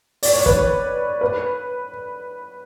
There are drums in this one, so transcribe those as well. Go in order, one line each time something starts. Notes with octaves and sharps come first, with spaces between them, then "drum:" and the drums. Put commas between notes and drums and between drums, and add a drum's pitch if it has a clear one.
D5, drum: open hi-hat
C#5
B4, drum: kick
C#5
B4